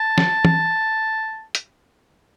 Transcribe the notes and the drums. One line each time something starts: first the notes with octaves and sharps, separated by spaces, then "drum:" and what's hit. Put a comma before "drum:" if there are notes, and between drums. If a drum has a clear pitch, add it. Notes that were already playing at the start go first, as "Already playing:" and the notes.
Already playing: A5
drum: snare
drum: tom
drum: hi-hat